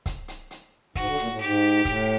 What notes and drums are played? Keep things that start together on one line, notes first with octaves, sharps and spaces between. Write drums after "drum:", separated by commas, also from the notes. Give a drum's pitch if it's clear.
drum: kick C#1, hi-hat
drum: hi-hat
drum: hi-hat
G#2 F#4, drum: kick C#1, hi-hat
D3
A#2, drum: hi-hat
A2
G#2 G4, drum: hi-hat
A2, drum: kick C#1, hi-hat